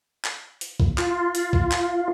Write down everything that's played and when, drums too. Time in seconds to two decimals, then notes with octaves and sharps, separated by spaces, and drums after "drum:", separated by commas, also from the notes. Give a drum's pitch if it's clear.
0.24 drum: clap
0.61 drum: hi-hat
0.80 drum: kick
0.98 F4, drum: clap
1.35 drum: hi-hat
1.53 drum: kick
1.71 drum: clap